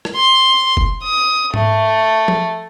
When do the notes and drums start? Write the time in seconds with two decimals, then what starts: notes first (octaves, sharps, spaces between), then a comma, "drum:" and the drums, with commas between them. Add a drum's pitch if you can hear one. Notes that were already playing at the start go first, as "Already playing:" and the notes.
0.05 drum: rim click
0.16 C6
0.77 drum: kick F#1
1.04 D#6
1.54 A3, drum: tom G#2
2.28 drum: tom F3